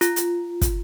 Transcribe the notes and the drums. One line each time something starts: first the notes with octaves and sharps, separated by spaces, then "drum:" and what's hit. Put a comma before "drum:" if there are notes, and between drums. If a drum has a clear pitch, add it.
F4, drum: hi-hat
drum: hi-hat
drum: kick, hi-hat